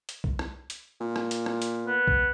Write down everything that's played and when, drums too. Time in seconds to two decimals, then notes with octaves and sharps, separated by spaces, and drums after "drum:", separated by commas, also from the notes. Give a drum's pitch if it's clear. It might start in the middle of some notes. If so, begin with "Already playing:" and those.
0.09 drum: hi-hat
0.24 drum: kick C2
0.39 drum: rim click
0.70 drum: hi-hat
1.00 A#2
1.16 drum: rim click
1.31 drum: hi-hat
1.46 drum: rim click
1.62 drum: hi-hat
1.86 B3
2.08 drum: kick C2